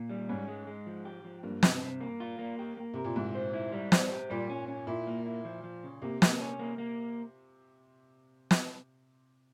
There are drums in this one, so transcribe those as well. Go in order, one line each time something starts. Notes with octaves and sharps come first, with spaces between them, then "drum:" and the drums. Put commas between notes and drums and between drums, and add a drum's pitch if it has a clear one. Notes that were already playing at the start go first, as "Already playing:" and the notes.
Already playing: A#2
G3
G#2 C#4
G#3
G#3
F3
G4
F3
G2 A#3
C3, drum: snare
C3
A#3
F4
A#3
G4
A#3
C3 A#4
A#2
G#2 E4
C5
E4
G3
C5, drum: snare
G4
A#2 G3
C#4
C#4
A#2 E4
A#3
E4
F3
F3
C#3
C3 A#3
A#3, drum: snare
C#4
A#3
A#3
drum: snare